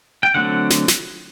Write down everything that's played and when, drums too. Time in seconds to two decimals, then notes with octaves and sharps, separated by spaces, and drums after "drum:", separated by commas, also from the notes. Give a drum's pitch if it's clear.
0.23 G5
0.34 D3 F#3 A3 C4 F#5
0.70 drum: snare
0.88 drum: snare